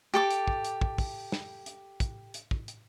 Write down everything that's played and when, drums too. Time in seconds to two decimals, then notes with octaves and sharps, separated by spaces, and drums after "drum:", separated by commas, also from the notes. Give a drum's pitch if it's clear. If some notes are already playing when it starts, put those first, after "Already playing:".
0.14 G4 A4 D6
0.31 drum: hi-hat
0.48 drum: kick
0.64 drum: hi-hat
0.81 drum: kick
0.98 drum: kick, open hi-hat
1.32 drum: snare
1.66 drum: hi-hat
2.00 drum: kick, hi-hat
2.34 drum: hi-hat
2.51 drum: kick
2.68 drum: hi-hat